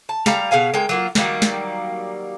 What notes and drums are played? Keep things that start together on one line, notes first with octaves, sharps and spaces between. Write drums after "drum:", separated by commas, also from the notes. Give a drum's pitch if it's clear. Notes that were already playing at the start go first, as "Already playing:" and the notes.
A5
G3 F5 A#5, drum: snare
B2 G#4 F5 G#5
G#3 A#3 G5
F#3 A#3 F4
D#3 F#3 G3 A#3, drum: snare
drum: snare